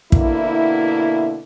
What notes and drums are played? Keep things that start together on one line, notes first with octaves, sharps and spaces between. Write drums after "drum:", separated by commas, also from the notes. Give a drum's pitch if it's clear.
B2 D3 A#3 E4, drum: kick